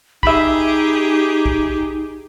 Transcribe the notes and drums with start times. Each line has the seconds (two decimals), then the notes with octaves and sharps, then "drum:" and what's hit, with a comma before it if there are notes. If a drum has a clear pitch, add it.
0.23 D#4 G4 G#4 E5 B5, drum: kick B1
1.46 drum: kick B1